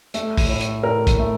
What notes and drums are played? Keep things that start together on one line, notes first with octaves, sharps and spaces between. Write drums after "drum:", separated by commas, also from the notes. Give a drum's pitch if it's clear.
A3 A4, drum: hi-hat
drum: kick, open hi-hat
A2
drum: hi-hat
A2 A#4
drum: kick, hi-hat
A3